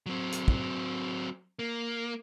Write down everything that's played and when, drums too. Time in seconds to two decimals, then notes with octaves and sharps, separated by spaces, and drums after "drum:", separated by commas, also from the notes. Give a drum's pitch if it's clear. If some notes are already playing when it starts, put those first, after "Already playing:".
0.06 F#3 C4
0.32 drum: hi-hat
0.48 drum: kick
1.59 A#3